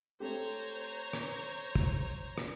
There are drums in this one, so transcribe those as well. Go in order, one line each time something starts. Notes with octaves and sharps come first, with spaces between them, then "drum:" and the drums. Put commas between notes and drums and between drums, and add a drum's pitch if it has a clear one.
A3 C4 G4 C5 C#5 A#5
drum: tambourine
drum: tambourine
drum: rim click
drum: tambourine
drum: kick, tambourine
drum: tambourine
drum: rim click